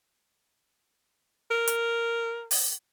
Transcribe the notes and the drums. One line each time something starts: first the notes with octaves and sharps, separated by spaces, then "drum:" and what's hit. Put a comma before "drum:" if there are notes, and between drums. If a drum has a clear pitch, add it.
A#4
drum: hi-hat
drum: open hi-hat